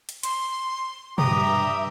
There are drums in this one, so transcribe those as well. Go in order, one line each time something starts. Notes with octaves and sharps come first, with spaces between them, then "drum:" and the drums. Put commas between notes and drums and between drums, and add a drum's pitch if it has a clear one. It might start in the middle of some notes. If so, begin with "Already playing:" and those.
drum: hi-hat
C6, drum: hi-hat
G2 G4 E5 A#5 D#6, drum: tom